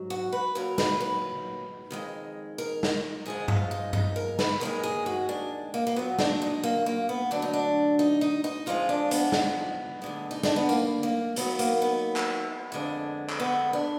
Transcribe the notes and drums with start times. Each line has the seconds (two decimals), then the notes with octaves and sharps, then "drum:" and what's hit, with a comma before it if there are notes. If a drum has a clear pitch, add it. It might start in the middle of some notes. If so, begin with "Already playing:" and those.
Already playing: G#2 F#3
0.10 F#4
0.32 B4
0.55 A#2 F#3 A#4
0.78 B4, drum: snare
1.00 B4
1.91 F2 D#3 G#3
2.58 A#4
2.83 drum: snare
3.25 G#2 F3 G#3 G#4
3.48 F4, drum: tom G2
3.71 D#4
3.93 D#4, drum: tom G2
4.16 A#4
4.39 B4, drum: snare
4.60 D#2 D#3 G#3 A#4
4.83 G#4
5.06 F#4
5.29 D4
5.74 A#3
5.87 A#3
5.96 A#2 F#3 B3
6.19 D4, drum: snare
6.42 D#4
6.64 A#3
6.86 A#3
7.09 B3
7.31 D2 D3 F#3 D4
7.42 D#4
7.53 D4
7.99 D#4
8.21 D#4
8.44 D#4
8.66 F2 D3 F3 G#3 F4
8.89 D4
9.11 B3, drum: hi-hat
9.32 drum: snare
10.02 D2 D3 G#3
10.31 D#4
10.43 D4, drum: snare
10.56 B3
10.69 A#3, drum: tambourine
11.03 A#3
11.36 D#2 D#3 F#3 B3, drum: hi-hat
11.59 A#3, drum: hi-hat
11.82 B3
12.16 drum: clap
12.72 F2 D3 G#3
13.29 drum: clap
13.40 B3
13.73 D4